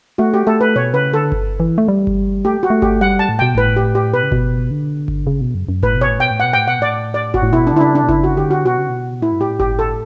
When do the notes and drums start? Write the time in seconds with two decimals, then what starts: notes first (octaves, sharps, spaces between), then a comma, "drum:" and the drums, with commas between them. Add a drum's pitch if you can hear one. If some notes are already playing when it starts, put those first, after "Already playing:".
0.18 A3 F#4
0.34 G4
0.47 A3 A4
0.61 B4
0.76 B2 C#5
0.94 C#3 B4
1.13 D3 A4
1.32 drum: kick G1
1.60 E3
1.78 A3
1.88 G3
2.07 drum: kick G1
2.45 A3 G4
2.63 F#4
2.70 A3
2.82 G4, drum: kick G1
3.01 G3 F#5
3.19 A5
3.29 A2
3.39 B2 G5
3.55 A2 B4, drum: kick G1
3.76 G4
3.95 G4
4.14 B2 B4
4.23 C#3
4.32 B2, drum: kick G1
4.71 D3
5.08 drum: kick G1
5.27 C#3
5.41 B2
5.55 F#2
5.69 F#2
5.83 A2 B4, drum: kick G1
5.96 B2
6.01 C#5
6.08 A2
6.19 B2 G5
6.31 A2
6.40 B2 F#5
6.53 A2 G5
6.68 B2 F#5
6.79 A2 D5
7.14 D5
7.34 F#4, drum: kick G1
7.42 A2
7.52 B2 E4
7.67 D4
7.73 D3
7.76 E4
7.81 C#3 D4
7.95 D4
8.03 B2
8.08 C#3 E4, drum: kick G1
8.24 F#4
8.37 D3 G4
8.51 F#4
8.65 B2 F#4
8.78 C#3
8.89 B2
9.21 A2 E4
9.32 G2
9.41 A2 G4
9.60 G4, drum: kick G1
9.79 A4